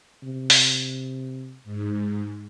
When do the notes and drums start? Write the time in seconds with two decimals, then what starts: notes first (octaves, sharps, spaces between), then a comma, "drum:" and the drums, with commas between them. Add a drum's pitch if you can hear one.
0.23 C3
0.50 drum: open hi-hat
1.64 G#2